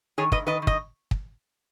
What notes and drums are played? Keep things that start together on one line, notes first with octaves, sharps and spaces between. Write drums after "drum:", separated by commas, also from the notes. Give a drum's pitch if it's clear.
D#3 G#4 C#5
G#2 B4 D#5, drum: kick
D#3 B4 D#5
D#3
D#5, drum: kick
drum: kick